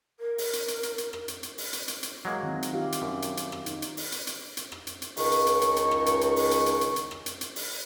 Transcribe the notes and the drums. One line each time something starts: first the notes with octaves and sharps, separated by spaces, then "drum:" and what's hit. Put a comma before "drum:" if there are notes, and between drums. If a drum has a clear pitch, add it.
A#4
drum: open hi-hat
drum: hi-hat
drum: hi-hat
drum: hi-hat
drum: hi-hat
drum: rim click
drum: hi-hat
drum: hi-hat
drum: open hi-hat
drum: hi-hat
drum: hi-hat
drum: hi-hat
F#3 G#3 A#3
D#3 C4 E4
drum: hi-hat
F4 G4 F5
drum: hi-hat
F#2
drum: hi-hat
drum: hi-hat
drum: rim click
D#4, drum: hi-hat
drum: hi-hat
drum: open hi-hat
drum: hi-hat
drum: hi-hat
drum: hi-hat
drum: rim click
drum: hi-hat
drum: hi-hat
C#2 D#3 C#6, drum: open hi-hat
drum: hi-hat
drum: hi-hat
drum: hi-hat
drum: hi-hat
drum: rim click
drum: hi-hat
drum: hi-hat
drum: open hi-hat
drum: hi-hat
drum: hi-hat
drum: hi-hat
drum: hi-hat
drum: rim click
drum: hi-hat
drum: hi-hat
drum: open hi-hat